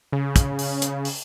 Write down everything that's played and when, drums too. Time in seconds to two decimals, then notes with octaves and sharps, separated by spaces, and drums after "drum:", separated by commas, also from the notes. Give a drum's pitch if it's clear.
0.13 C#3
0.36 drum: kick, hi-hat
0.59 drum: open hi-hat
0.82 drum: hi-hat
1.05 drum: open hi-hat